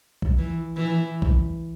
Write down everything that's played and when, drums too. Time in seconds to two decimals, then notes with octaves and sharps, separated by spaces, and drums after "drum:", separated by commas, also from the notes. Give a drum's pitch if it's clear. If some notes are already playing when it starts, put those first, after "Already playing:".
0.22 drum: kick B1
0.38 E3
0.77 E3
1.22 drum: kick B1